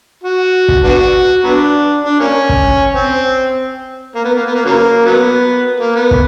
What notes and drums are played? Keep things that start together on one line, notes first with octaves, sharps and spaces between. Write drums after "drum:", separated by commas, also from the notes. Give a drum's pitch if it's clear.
F#4
drum: kick
B3 D4 F#4
F#3 B3 D4
D4
A#3 C#4
drum: kick
C4
A#3
B3
A#3
B3
A#3
C#3 F#3 A#3
F#3 B3
A#3
B3
drum: kick